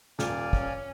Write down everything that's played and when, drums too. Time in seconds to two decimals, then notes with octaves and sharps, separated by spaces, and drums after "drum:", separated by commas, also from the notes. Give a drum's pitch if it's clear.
0.19 D#1 D5 F5 G#5, drum: snare
0.53 C#4, drum: kick